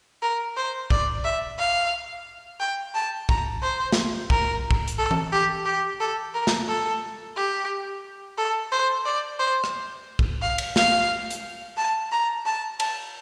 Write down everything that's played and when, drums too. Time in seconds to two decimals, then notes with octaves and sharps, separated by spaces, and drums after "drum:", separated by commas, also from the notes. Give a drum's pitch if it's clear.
0.22 A#4
0.57 C5
0.90 D5, drum: kick
1.24 E5
1.58 F5
2.60 G5
2.95 A5
3.29 A#5, drum: kick
3.62 C5
3.92 drum: snare
4.30 A#4, drum: kick
4.71 drum: kick
4.88 drum: hi-hat
4.98 A4
5.11 drum: tom E3
5.32 G4
5.66 G4
6.00 A4
6.34 A#4
6.47 drum: snare
6.68 A4
7.36 G4
8.38 A4
8.72 C5
9.05 D5
9.39 C5
9.64 drum: rim click
10.19 drum: kick
10.42 F5
10.58 drum: cymbal
10.76 F5, drum: snare
11.30 drum: hi-hat
11.77 A5
12.12 A#5
12.46 A5
12.80 A5, drum: cymbal